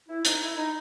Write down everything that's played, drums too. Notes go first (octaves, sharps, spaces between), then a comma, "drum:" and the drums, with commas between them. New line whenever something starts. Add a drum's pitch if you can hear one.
E4
D#4, drum: hi-hat
E4
D#4